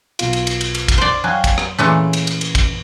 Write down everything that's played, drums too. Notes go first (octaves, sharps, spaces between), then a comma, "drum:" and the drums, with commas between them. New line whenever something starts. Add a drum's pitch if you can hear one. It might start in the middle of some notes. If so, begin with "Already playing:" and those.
B1 B2 F4, drum: cymbal
drum: cymbal
drum: cymbal
drum: cymbal
drum: cymbal
drum: kick, cymbal
C5 D5
F#3 F5 G5 G#5
drum: kick, cymbal
drum: rim click
A#2 E3 A3 C#4 G#4
drum: cymbal
drum: cymbal
drum: cymbal
drum: kick, cymbal